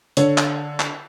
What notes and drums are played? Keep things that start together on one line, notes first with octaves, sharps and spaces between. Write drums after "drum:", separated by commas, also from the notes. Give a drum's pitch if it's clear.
D3 C#5, drum: hi-hat
drum: clap
drum: clap